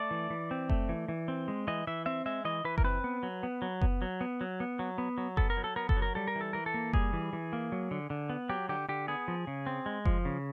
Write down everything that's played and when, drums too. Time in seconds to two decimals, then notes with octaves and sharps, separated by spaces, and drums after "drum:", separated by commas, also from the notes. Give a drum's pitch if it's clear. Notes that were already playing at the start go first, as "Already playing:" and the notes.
Already playing: A3 D5
0.11 E3
0.30 E3
0.51 C4
0.70 A3, drum: kick F#1
0.89 E3
1.09 E3
1.28 C4
1.48 G#3
1.68 E3 D#5
1.87 E3 E5
2.06 C4 E5
2.26 G#3 E5
2.45 E3 D#5
2.65 E3 B4
2.78 A#4, drum: kick F#1
2.84 C4 B4
3.04 B3
3.23 F#3
3.43 B3
3.62 F#3
3.81 B3, drum: kick F#1
4.02 F#3
4.21 B3
4.41 F#3
4.60 B3
4.79 F#3
4.98 B3
5.18 F#3
5.37 B3 A4, drum: kick F#1
5.50 A#4
5.57 F#3
5.64 A4
5.76 B3 A#4
5.89 A4, drum: kick F#1
5.97 F#3
6.02 A#4
6.15 G3 A4
6.28 A#4
6.35 E3
6.41 A4
6.53 E3 A#4
6.66 A4
6.74 A#3
6.93 G3 G#4, drum: kick F#1
7.13 E3
7.33 E3
7.53 A#3
7.72 F#3
7.91 D3
8.10 D3
8.30 B3
8.49 F#3 G4
8.69 D3 G4
8.89 D3 G4
9.08 B3 G#4
9.28 F3
9.47 C#3
9.67 C4
9.86 G#3
10.05 F3, drum: kick F#1
10.25 C#3